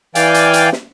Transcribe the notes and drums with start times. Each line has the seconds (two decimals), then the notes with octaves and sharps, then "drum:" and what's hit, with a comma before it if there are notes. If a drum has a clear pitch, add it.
0.15 E3 D5 F5 G5 G#5, drum: hi-hat
0.34 drum: hi-hat
0.53 drum: hi-hat
0.73 drum: snare